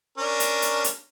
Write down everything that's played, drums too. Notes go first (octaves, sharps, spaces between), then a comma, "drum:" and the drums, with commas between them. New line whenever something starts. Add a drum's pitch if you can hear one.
C#4 D4 A#4
drum: hi-hat
drum: hi-hat
drum: hi-hat